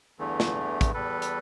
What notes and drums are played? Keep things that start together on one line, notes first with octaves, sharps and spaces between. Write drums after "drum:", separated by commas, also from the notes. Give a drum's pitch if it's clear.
E2 G2 D3 E3 A3
drum: snare
drum: kick, hi-hat
E2 G3 A4 B4
drum: hi-hat